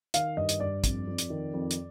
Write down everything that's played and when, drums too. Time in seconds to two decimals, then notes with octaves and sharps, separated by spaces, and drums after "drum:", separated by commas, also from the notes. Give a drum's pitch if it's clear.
0.14 D#3 F5, drum: hi-hat
0.37 G2 D#5
0.49 drum: hi-hat
0.60 G2 D5
0.84 F2, drum: kick, hi-hat
1.07 F2
1.18 drum: hi-hat
1.30 D#3
1.54 F2
1.71 drum: hi-hat